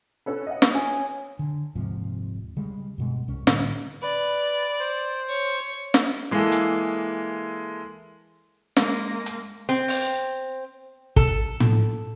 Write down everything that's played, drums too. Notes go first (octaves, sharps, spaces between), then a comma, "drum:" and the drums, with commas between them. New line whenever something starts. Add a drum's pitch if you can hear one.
C#4 A4 B4
D#5 E5 F#5
B4 C#6 D#6, drum: snare
C#4 G#5
D3
D#1 G#2 C3 F3
C#3 G3 G#3
G2 B2 G#3
C2 C#4
A2 D3 G3 A#3, drum: snare
B4 D5
C5
C#5
drum: snare
E3 G#3 A#3 E4 G#4 A4
drum: hi-hat
G#3 A#3, drum: snare
drum: hi-hat
C4
drum: open hi-hat
A4, drum: kick
drum: tom A2